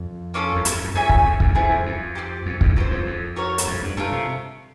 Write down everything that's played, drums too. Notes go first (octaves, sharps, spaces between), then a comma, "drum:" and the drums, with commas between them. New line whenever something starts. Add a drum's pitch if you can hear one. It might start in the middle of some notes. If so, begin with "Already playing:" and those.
Already playing: F2
A#3 C#4 F4 A4
F2
E2, drum: hi-hat
F2
F#2
F2 G#4 C#5 E5 G#5
drum: kick
F2
E2, drum: kick
F2 A3 C4 E4 G#4
E2
F2
C4 D#4 G4
F2
E2, drum: kick
F#2 F4 A4 C5
E2
F2
F#4 A#4 C#5
drum: hi-hat
F2
G2
G2 A3 D4 F4 A#4
C3